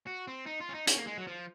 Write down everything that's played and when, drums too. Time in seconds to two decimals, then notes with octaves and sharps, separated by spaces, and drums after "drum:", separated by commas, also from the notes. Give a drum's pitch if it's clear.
0.07 F#4
0.27 C4
0.46 D#4
0.60 F4
0.69 C#4
0.74 D#4
0.87 C#4, drum: hi-hat
0.97 A#3
1.07 G#3
1.17 F#3
1.27 F3